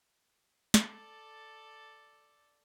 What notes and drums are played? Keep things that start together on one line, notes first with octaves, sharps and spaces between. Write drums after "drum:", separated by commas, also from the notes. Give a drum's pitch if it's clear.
A4 D5, drum: snare